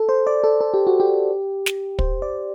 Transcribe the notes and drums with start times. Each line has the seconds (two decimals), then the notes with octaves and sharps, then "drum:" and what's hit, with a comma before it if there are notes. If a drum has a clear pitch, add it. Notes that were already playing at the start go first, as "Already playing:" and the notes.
Already playing: A4
0.09 C5
0.27 D5
0.44 A4
0.61 A4
0.74 G4
0.87 F#4
1.00 G4
1.66 drum: snare
1.99 C5, drum: kick
2.22 D5